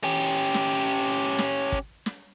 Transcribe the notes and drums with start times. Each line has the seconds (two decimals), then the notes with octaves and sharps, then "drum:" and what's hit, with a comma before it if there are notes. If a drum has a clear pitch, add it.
0.04 C#4 G4
0.54 drum: snare
1.39 drum: snare
1.72 drum: kick
2.06 drum: snare